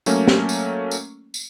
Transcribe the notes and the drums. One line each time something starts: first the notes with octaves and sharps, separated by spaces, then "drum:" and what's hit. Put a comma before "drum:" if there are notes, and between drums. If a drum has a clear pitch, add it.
F#3 A3 A#3 C#4, drum: tambourine
drum: snare
drum: tambourine
drum: tambourine
drum: tambourine